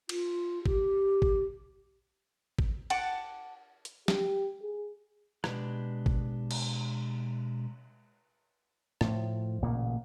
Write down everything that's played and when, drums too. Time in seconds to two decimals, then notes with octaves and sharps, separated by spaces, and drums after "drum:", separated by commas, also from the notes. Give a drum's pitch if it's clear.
0.09 F4, drum: cymbal
0.66 G4, drum: kick G#1
1.22 drum: kick G#1
2.59 drum: kick G#1
2.90 F#5 A5 D6, drum: cymbal
3.85 drum: hi-hat
4.08 G4, drum: snare
4.61 G#4
5.44 B2 G#3 D4 G4 B4, drum: rim click
6.06 drum: kick G#1
6.51 drum: cymbal
9.01 A2 F3, drum: rim click
9.62 A1 A#2 C#3 A#3